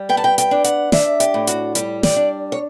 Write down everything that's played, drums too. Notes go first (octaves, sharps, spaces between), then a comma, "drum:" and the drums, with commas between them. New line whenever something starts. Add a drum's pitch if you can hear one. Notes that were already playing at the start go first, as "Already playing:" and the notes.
Already playing: G3
B3 G5
A5
G5
G5, drum: hi-hat
D4
F#5, drum: hi-hat
D4 E5, drum: snare
G4, drum: hi-hat
A2
F#4, drum: hi-hat
G3 G4, drum: hi-hat
D5, drum: snare
D4
C#5